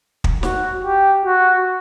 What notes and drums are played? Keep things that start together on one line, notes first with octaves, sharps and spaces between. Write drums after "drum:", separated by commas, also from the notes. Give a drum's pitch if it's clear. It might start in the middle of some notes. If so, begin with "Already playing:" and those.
drum: kick
F#4, drum: snare
G4
F#4